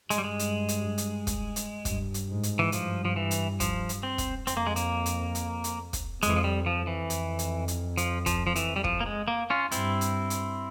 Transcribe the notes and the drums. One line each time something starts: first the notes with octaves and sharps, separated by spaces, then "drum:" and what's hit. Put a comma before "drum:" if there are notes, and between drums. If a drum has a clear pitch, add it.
G2 G#3, drum: hi-hat
G3
G#3
drum: hi-hat
drum: hi-hat
drum: hi-hat
drum: kick, hi-hat
drum: hi-hat
G2, drum: kick, hi-hat
drum: hi-hat
G#2
drum: hi-hat
E3
G2 F3, drum: hi-hat
F3
E3
drum: hi-hat
F3, drum: kick, hi-hat
drum: hi-hat
C4
drum: kick, hi-hat
F2 C4, drum: hi-hat
A#3
G#3
A#3, drum: hi-hat
drum: hi-hat
drum: hi-hat
drum: hi-hat
drum: kick, hi-hat
F2 G#3, drum: hi-hat
E3
F3
G3
F3
E3
F2, drum: hi-hat
drum: hi-hat
drum: hi-hat
F3, drum: hi-hat
F3, drum: kick, hi-hat
F3
E3, drum: hi-hat
G3
F3, drum: kick
A#3
G#3
A#3
C#4 F4
G2 C4 E4, drum: hi-hat
drum: hi-hat
drum: hi-hat